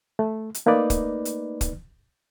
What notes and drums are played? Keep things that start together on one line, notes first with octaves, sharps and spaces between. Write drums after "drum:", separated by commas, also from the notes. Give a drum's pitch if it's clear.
A3
drum: hi-hat
A3 A#3 D#4 B4 D5
drum: kick, hi-hat
drum: hi-hat
drum: kick, hi-hat